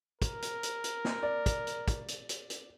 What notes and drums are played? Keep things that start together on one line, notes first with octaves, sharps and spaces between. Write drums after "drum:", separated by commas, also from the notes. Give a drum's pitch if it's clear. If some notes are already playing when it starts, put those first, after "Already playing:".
A#4, drum: kick, hi-hat
drum: hi-hat
drum: hi-hat
drum: hi-hat
drum: snare
D5
drum: kick, hi-hat
drum: hi-hat
drum: kick, hi-hat
drum: hi-hat
drum: hi-hat
drum: hi-hat